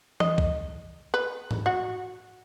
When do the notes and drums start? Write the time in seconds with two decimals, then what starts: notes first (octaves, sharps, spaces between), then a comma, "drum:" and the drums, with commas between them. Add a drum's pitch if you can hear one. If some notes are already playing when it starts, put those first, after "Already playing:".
0.20 D#5, drum: tom E3
0.38 drum: kick B1
1.14 B4
1.51 drum: tom G#2
1.66 F#4